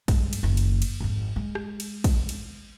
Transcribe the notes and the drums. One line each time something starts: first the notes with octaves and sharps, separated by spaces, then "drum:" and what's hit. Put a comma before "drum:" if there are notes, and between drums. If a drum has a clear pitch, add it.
G2 G#3, drum: kick, cymbal
drum: cymbal
F#1 D#2
drum: cymbal
drum: cymbal
G#1 F2
G#3
drum: rim click
drum: cymbal
drum: kick, cymbal
drum: cymbal